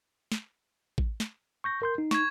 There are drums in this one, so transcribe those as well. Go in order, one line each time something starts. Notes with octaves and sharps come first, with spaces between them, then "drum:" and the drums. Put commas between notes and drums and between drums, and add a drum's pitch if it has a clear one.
drum: snare
drum: kick A1
drum: snare
C#6 G6 A#6
A#4 C6 G6
D#4
C#6 G#6, drum: snare